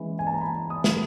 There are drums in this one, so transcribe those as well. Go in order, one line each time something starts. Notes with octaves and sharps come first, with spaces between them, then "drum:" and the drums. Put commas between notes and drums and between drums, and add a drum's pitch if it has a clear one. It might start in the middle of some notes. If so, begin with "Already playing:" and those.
Already playing: E3 G#3 C#4
G#5
A5
A#5
B5
D#6
drum: snare